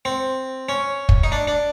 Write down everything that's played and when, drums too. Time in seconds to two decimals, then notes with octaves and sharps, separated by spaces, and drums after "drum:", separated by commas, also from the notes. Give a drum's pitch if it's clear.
0.05 C4
0.69 C#4
1.09 drum: kick
1.24 D#4
1.32 D4
1.47 D4